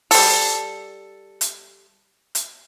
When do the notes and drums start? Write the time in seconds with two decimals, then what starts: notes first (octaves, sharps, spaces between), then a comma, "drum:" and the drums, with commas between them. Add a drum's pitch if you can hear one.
0.11 G3 A4, drum: open hi-hat
1.41 drum: hi-hat
2.35 drum: hi-hat